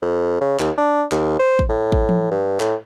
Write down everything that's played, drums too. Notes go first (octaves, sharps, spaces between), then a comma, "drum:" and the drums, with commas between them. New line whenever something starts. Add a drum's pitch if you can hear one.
F2
C#3
D#2, drum: clap
D4
D#2, drum: clap
C5
drum: kick
A2
drum: kick
drum: tom E3
G2
A2, drum: clap